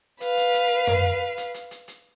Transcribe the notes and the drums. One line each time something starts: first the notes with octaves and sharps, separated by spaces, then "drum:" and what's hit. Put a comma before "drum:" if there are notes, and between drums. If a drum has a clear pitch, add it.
B4 F5, drum: hi-hat
drum: hi-hat
drum: hi-hat
drum: tom F#2
drum: hi-hat
drum: hi-hat
drum: hi-hat
drum: hi-hat